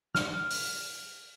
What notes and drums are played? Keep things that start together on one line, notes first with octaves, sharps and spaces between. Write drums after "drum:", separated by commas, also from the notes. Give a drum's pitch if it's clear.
F6, drum: snare
drum: open hi-hat